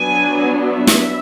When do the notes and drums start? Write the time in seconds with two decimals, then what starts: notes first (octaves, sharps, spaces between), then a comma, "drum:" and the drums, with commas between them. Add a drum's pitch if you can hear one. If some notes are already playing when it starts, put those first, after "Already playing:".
Already playing: F#3 B3 D4 G#5
0.68 E5
0.87 drum: snare